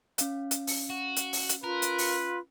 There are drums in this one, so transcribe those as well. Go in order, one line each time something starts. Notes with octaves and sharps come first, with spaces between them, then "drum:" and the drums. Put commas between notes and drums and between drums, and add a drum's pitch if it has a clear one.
C#4 F5, drum: hi-hat
drum: hi-hat
drum: open hi-hat
F#4
drum: hi-hat
drum: open hi-hat
drum: hi-hat
F4 A#4 B4
drum: hi-hat
drum: open hi-hat